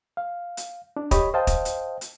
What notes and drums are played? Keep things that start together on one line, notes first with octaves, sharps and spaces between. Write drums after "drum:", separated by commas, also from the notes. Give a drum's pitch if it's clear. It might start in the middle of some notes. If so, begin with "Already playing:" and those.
F5
drum: hi-hat
D4
G4 C#5 D#5 B5, drum: kick, hi-hat
C5 D#5 F5 G5 A5
drum: kick, hi-hat
drum: hi-hat
drum: hi-hat